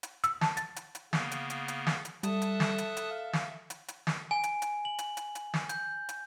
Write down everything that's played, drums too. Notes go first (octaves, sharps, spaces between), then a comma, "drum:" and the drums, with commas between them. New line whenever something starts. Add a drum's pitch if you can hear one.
drum: hi-hat
E6, drum: hi-hat
A5, drum: snare
A6, drum: hi-hat
drum: hi-hat
drum: hi-hat
C#3 A#3 B3, drum: snare
drum: hi-hat
drum: hi-hat
drum: hi-hat
drum: snare
drum: hi-hat
G3 A4 E5 A5 D#6 F#6, drum: hi-hat
drum: hi-hat
drum: snare
drum: hi-hat
drum: hi-hat
F5
drum: snare
drum: hi-hat
drum: hi-hat
drum: snare
G#5
drum: hi-hat
drum: hi-hat
F#7
drum: hi-hat
drum: hi-hat
drum: hi-hat
drum: snare
G6, drum: hi-hat
drum: hi-hat